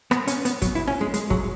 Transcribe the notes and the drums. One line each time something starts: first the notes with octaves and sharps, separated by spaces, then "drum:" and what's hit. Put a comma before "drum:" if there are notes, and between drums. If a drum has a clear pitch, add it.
B3, drum: rim click
C#4, drum: hi-hat
B3, drum: hi-hat
F#3, drum: kick, hi-hat
E4
C#4
G#3
G#3, drum: hi-hat
F#3, drum: kick